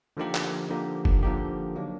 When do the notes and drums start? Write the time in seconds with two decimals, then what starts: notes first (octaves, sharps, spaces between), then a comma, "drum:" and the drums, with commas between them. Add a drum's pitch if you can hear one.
0.17 D3 F3 A#3 D#4 G4
0.34 drum: clap
0.70 D3 F3 A#3 D#4 G4
1.05 drum: kick F#1
1.23 D3 F3 A#3 D#4 G4
1.76 F#3 A#3 D4